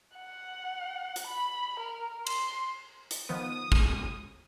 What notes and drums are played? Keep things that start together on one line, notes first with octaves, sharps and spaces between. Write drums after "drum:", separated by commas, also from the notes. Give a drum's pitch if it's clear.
F#5
drum: hi-hat
B5
A#4
C6, drum: cymbal
drum: hi-hat
D#3 F3 B3 D#6
drum: kick